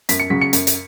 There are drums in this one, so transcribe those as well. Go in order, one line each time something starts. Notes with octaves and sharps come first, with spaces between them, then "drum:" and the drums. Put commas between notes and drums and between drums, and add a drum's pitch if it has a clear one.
F#2 B6, drum: hi-hat
C#7
C#3 F#3 B6
C#7
F#2, drum: hi-hat
drum: hi-hat